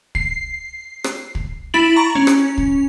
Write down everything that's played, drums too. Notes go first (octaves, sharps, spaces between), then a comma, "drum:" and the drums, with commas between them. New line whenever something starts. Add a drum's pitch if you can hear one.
C7, drum: kick
drum: rim click
drum: kick
E4 B5 A6 D7 F#7
A#5 C#6
C#4
drum: rim click
drum: kick